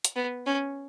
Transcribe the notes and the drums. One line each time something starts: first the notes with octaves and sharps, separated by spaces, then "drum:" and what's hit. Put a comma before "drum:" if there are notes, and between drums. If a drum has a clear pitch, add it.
drum: hi-hat
B3
C#4